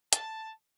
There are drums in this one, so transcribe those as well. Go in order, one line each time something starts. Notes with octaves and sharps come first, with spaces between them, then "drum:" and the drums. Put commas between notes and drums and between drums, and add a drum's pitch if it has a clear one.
A5, drum: hi-hat